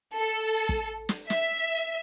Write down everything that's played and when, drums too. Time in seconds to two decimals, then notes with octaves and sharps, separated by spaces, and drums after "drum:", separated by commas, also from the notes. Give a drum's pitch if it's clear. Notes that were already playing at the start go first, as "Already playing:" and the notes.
0.15 A4
0.69 drum: kick
1.09 drum: snare
1.30 E5, drum: snare